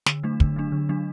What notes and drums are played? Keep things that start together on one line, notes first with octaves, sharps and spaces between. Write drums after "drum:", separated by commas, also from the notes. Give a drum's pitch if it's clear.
D3, drum: snare
F#3 A3 D4
D3, drum: kick
F#3 A3 D4
D3
F#3 A3 D4